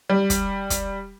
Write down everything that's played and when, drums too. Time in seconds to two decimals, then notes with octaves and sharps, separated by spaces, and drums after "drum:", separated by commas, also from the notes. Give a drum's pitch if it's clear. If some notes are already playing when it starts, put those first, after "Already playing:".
0.10 G3
0.30 drum: kick, hi-hat
0.70 drum: kick, hi-hat